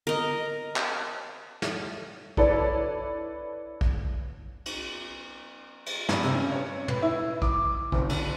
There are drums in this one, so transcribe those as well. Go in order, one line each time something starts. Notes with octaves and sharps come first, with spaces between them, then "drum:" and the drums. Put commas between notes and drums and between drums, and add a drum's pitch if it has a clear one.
A#4 D#5
drum: clap
drum: snare
D4 E4 A4 B4 C#5 D5, drum: kick
drum: kick
drum: cymbal
drum: cymbal
G2, drum: snare
C3, drum: hi-hat
C#4
C#5
B4, drum: tom
E4
D6, drum: kick
F#1, drum: kick
D3, drum: cymbal